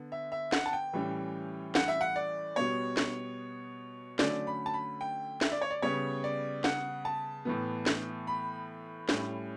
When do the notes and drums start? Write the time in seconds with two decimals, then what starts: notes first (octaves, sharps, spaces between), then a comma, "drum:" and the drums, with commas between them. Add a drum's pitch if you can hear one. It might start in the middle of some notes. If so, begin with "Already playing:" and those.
Already playing: D3 B3
0.12 E5
0.32 E5
0.52 F#5, drum: snare
0.66 A5
0.73 G5
0.93 A2 E3 G3 C#4
1.75 F#5, drum: snare
1.88 E5
2.01 F#5
2.16 D5
2.56 B2 G3 B3 C#5
2.97 drum: snare
4.19 D3 F#3 A3 C#4 D5, drum: snare
4.47 B5
4.66 A5
4.74 B5
5.01 G5
5.41 E5, drum: snare
5.52 D5
5.61 C#5
5.71 D5
5.82 C#3 G3 B3 C#5
6.24 D5
6.64 F#5, drum: snare
7.05 A5
7.45 A2 E3 B3
7.86 drum: snare
8.27 B5
9.09 A2 G3 C#4, drum: snare